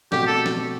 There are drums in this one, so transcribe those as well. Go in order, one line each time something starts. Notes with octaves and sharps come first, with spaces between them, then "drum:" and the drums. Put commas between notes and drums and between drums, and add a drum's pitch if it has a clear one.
B2 A3 C4 F#4 G4, drum: snare
A4
drum: snare